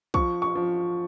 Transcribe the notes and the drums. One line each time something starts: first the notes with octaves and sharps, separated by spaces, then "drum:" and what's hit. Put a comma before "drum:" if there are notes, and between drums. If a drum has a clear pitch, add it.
F3 C#6, drum: kick
C#6
F3